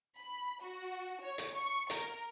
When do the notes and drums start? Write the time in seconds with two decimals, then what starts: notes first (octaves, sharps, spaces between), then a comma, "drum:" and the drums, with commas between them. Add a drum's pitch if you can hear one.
0.18 B5
0.62 F#4
1.21 C#5
1.38 drum: hi-hat
1.56 C#6
1.90 A#4, drum: hi-hat